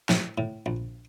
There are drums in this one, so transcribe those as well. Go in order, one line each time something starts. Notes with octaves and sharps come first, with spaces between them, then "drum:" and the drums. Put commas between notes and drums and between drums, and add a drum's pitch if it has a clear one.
A2, drum: snare
A2
A#1